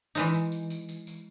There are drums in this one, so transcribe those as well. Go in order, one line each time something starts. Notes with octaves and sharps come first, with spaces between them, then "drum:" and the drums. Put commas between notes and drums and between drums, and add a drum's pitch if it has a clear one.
E3 G#3 D#4, drum: tambourine
drum: tambourine
drum: tambourine
drum: tambourine
drum: tambourine
drum: tambourine